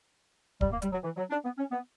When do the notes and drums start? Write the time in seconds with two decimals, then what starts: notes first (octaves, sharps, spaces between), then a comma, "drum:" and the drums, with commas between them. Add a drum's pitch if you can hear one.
0.61 G3, drum: kick
0.71 A#3
0.82 G3, drum: hi-hat
0.92 F#3
1.03 E3
1.16 F#3
1.30 D4
1.45 B3
1.58 C#4
1.72 B3